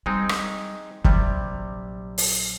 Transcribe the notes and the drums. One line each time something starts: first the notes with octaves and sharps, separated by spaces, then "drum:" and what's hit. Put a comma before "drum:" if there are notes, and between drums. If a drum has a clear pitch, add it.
G3 G#3 C4 D#4
drum: rim click
A#1 C3 F#3 G3, drum: kick
drum: open hi-hat